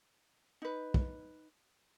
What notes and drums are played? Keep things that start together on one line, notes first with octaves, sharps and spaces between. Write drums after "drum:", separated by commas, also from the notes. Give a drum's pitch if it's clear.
D#4 B4
drum: kick